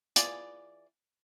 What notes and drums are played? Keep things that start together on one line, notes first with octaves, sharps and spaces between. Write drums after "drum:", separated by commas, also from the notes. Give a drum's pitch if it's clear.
E3 F4 G#4 D5, drum: hi-hat